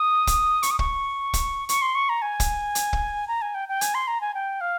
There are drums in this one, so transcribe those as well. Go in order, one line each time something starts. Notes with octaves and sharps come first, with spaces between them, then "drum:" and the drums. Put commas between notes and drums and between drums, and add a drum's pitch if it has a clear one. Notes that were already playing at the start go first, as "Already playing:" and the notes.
Already playing: D#6
drum: kick, hi-hat
C#6, drum: hi-hat
D#6
C#6, drum: kick
drum: kick, hi-hat
C#6, drum: hi-hat
C6
C#6
A#5
G#5
drum: kick, hi-hat
drum: hi-hat
drum: kick
A#5
G#5
G5
G5
G#5, drum: hi-hat
C6
A#5
G#5
G5
F5